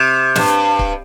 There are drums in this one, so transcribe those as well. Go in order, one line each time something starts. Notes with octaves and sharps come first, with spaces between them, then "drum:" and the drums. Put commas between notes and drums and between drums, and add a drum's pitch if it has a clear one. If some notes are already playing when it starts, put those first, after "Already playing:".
Already playing: C3
G2, drum: snare
drum: kick C#1